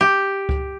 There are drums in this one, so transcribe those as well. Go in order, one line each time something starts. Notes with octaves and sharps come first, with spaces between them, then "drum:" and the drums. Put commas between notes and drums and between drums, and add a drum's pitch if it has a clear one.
G4
drum: kick C#2